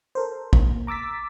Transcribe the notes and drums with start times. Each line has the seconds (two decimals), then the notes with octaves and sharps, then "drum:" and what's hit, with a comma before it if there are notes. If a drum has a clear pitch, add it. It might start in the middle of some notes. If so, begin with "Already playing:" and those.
0.15 A4 A#4 C5
0.53 A#3, drum: kick
0.87 A#5 D6 E6 A6 B6